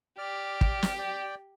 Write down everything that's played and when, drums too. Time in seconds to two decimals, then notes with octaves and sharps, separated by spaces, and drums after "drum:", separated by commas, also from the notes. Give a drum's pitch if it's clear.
0.18 G4 D5 F6
0.61 drum: kick
0.83 drum: snare
0.99 D5 G5